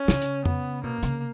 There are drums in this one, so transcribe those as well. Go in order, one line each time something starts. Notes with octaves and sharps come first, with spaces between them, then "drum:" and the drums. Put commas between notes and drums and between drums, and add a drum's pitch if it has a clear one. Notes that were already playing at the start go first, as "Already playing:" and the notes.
Already playing: C#4
C#3, drum: snare
drum: hi-hat
B3, drum: tom F2
B2 A#3
C#3, drum: hi-hat